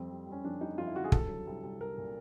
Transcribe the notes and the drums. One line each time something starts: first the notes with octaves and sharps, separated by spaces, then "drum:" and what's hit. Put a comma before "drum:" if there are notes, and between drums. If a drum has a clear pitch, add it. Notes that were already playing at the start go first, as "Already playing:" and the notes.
Already playing: F2 G3 C4
G3
G3
C#4
F2 D4
G3 D#4
F2 F4
E4
D3 F#4
G#4
C2 A4, drum: kick
F#3
C2
C2
C2 A#4
A#2